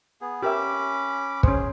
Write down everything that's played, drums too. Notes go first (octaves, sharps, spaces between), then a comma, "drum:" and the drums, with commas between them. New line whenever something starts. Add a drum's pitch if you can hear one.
B3 G#4
C#4 G4 A#4 E5 B5 D6
C#4 G#4 C5, drum: kick